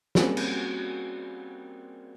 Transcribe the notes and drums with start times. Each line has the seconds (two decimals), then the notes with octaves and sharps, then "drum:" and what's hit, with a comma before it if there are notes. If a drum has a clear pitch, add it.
0.15 G3 A#3 C4 C#4 F#4 G#4, drum: snare
0.37 drum: cymbal